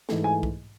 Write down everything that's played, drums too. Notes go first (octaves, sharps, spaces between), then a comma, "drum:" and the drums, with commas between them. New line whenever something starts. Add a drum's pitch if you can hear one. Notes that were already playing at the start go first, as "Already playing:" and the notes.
G#2 E3 A3, drum: snare
G#5
drum: kick B1